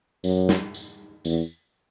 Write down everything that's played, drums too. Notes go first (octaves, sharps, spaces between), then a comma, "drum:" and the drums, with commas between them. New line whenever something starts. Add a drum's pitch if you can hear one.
F#2, drum: tambourine
drum: snare
drum: tambourine
E2, drum: tambourine